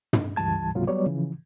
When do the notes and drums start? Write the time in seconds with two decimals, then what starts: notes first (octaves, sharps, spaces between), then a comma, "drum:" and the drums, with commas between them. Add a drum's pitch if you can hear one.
0.13 drum: tom
0.36 C#2 G2 E3 G3 A5 G#6
0.75 C#2 G#2 C3 F#3 A#3 F4
0.87 F#3 G3 B3 C#5 D5
1.06 C#3 E3 F3